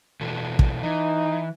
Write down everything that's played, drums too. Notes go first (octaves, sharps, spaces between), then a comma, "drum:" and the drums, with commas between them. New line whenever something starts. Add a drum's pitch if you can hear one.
B2 E3 A4
drum: kick
E3 D#4